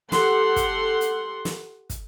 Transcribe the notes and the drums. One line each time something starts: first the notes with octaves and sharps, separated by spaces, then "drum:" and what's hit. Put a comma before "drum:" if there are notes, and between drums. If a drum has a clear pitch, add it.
G4 A4 F#5 C6, drum: snare
drum: kick, hi-hat
drum: hi-hat
drum: snare
drum: kick, hi-hat